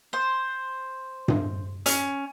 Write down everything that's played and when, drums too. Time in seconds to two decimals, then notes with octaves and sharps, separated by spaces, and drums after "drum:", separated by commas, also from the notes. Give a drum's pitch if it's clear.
0.13 C5
1.28 drum: tom G2
1.86 C#4, drum: hi-hat